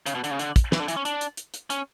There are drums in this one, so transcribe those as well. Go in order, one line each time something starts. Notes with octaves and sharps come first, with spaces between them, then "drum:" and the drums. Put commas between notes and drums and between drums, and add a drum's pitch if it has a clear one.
C#3, drum: hi-hat
B2
D3, drum: hi-hat
C#3
D3, drum: hi-hat
drum: kick, hi-hat
E3, drum: snare
D3
E3, drum: hi-hat
C#4
D4, drum: hi-hat
drum: hi-hat
drum: hi-hat
drum: hi-hat
C#4, drum: hi-hat